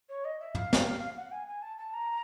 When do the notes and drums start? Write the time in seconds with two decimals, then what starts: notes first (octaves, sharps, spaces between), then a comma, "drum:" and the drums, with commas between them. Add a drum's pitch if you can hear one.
0.09 C#5
0.24 D#5
0.40 E5
0.55 F5, drum: tom
0.73 drum: snare
1.16 F#5
1.31 G#5
1.47 G#5
1.62 A5
1.77 A5
1.93 A#5